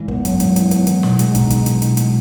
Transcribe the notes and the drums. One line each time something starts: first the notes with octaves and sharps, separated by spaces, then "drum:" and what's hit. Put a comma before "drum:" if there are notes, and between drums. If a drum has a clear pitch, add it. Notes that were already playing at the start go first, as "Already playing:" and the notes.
Already playing: G#1 E3
B3, drum: kick
F#2, drum: kick, hi-hat
G#1, drum: hi-hat
E3, drum: hi-hat
B3, drum: hi-hat
E3, drum: hi-hat
B2, drum: snare
G#3, drum: hi-hat
D#4, drum: kick, hi-hat
B1, drum: kick, hi-hat
D#4, drum: hi-hat
B2, drum: hi-hat
G#3, drum: hi-hat